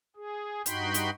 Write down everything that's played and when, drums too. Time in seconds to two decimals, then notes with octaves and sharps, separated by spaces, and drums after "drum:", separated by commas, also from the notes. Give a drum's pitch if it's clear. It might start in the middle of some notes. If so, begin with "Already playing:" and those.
0.16 G#4
0.66 G2 D#4 F#4 G5 B5 C6, drum: hi-hat
0.94 drum: hi-hat